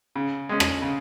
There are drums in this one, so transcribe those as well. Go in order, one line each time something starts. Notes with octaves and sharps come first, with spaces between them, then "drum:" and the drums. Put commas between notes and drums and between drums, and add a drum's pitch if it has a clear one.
C#3
G#3 C#4
drum: rim click
C#3